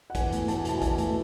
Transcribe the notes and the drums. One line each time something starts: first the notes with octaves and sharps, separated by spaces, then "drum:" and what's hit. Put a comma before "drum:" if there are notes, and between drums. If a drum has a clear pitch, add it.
F#5
E2 G#5, drum: kick, hi-hat
A3, drum: hi-hat
E2 A5, drum: hi-hat
G#5
B2 A5, drum: hi-hat
G#5
E2 A5, drum: kick, hi-hat
A3, drum: hi-hat